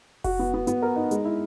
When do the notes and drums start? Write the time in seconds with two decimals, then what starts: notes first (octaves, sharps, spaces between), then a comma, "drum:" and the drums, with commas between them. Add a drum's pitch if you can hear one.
0.24 F#4, drum: kick F1, open hi-hat
0.39 B3
0.54 B3
0.67 B3, drum: hi-hat
0.82 A#4
0.96 D#4
1.11 G#3, drum: hi-hat
1.25 E4